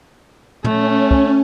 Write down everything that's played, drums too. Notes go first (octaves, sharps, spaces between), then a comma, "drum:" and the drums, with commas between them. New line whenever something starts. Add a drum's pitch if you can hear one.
A3 C#4, drum: tom
drum: kick